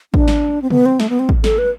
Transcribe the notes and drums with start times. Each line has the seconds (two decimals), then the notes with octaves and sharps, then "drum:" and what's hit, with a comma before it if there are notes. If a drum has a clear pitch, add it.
0.14 D4, drum: kick
0.28 drum: snare
0.62 C4
0.70 B3, drum: tom C3
0.86 C4
1.00 A3, drum: snare
1.10 B3
1.19 C4
1.29 drum: kick
1.44 A4, drum: snare
1.58 B4